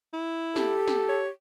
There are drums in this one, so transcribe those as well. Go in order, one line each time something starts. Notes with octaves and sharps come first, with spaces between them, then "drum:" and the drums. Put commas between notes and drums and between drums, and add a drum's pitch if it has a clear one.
E4
G4 A4, drum: snare
drum: snare
C#5